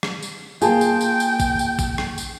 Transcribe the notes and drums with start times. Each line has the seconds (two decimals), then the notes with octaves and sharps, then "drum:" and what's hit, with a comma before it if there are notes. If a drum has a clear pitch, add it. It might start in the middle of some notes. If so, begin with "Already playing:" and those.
0.03 drum: rim click
0.23 drum: tambourine
0.62 A#3 F4 G#4 G5 A5, drum: tambourine
0.81 drum: tambourine
1.01 drum: tambourine
1.20 drum: tambourine
1.40 drum: kick, tambourine
1.59 drum: tambourine
1.79 drum: kick, tambourine
1.98 drum: rim click
2.18 drum: tambourine